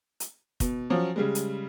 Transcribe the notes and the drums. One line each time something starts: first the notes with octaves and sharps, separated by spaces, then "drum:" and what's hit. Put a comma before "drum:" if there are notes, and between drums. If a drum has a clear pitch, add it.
drum: hi-hat
B2, drum: kick, hi-hat
F3 F#3 C#4
C#3 G3 G#3
drum: hi-hat